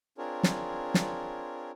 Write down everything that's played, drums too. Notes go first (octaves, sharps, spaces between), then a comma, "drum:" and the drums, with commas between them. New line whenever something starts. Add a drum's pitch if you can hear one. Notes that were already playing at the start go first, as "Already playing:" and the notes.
C4 D4 F4 G#4 A#4 C#5
drum: snare
drum: snare